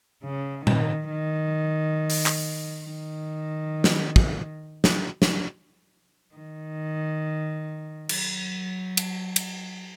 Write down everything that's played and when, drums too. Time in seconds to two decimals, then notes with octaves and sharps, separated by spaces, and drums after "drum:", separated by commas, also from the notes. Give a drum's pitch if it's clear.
0.24 C#3
0.67 D#3, drum: tom A#2
1.11 D#3
2.10 drum: open hi-hat
2.26 drum: clap
2.86 D#3
3.84 drum: snare
4.16 drum: kick
4.84 drum: snare
5.22 drum: snare
6.35 D#3
8.09 F#3, drum: cymbal
8.97 drum: cymbal
9.36 drum: cymbal